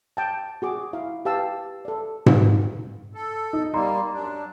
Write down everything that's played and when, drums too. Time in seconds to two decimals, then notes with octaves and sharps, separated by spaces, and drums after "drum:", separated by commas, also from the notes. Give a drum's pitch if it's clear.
0.17 G5 A5
0.62 F#4 G#4 D6
0.93 E4 F5 A#5
1.25 G4 B4 F5 A5 E6
1.85 A4 D5
2.26 drum: tom G#2
3.15 A4
3.53 D#4
3.74 G3 A#3 A#5 C6
4.13 F#2 D4